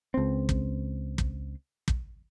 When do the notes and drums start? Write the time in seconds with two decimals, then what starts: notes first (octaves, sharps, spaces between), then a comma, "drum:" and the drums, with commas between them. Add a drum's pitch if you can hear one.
0.14 C#2 C4
0.49 drum: kick
1.18 drum: kick
1.88 drum: kick